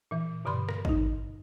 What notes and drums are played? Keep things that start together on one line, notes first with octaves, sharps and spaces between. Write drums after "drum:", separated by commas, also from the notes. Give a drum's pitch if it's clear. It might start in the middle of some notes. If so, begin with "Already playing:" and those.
A#2 E3
G2 B2 D3 B5 C6
drum: rim click
D#4 D#5, drum: kick